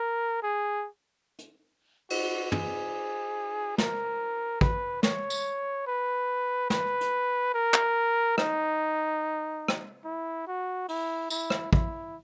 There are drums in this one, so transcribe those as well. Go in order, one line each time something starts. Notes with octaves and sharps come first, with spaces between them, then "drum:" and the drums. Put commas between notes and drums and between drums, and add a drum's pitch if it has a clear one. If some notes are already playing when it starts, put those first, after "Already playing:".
Already playing: A#4
G#4
drum: hi-hat
F#4, drum: cymbal
G#4, drum: tom
A#4, drum: snare
B4, drum: kick
C#5, drum: snare
drum: tambourine
B4
B4, drum: snare
drum: hi-hat
A#4
drum: clap
D#4, drum: rim click
drum: rim click
E4
F#4
E4, drum: open hi-hat
E4, drum: tambourine
drum: rim click
E4, drum: kick